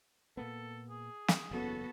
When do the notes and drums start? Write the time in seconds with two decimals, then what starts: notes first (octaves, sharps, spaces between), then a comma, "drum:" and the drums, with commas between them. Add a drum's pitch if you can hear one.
0.37 A#2 A#3 B3 A4
0.90 G#4
1.28 drum: snare
1.51 F#1 E2 C#3 B3 F#4 A4